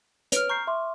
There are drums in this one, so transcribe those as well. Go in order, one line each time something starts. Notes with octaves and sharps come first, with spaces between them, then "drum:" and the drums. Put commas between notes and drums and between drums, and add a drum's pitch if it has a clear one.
B4 C#5 F6 D7 F7, drum: hi-hat
A#5 C#6 G6 C7
E5 C6 D6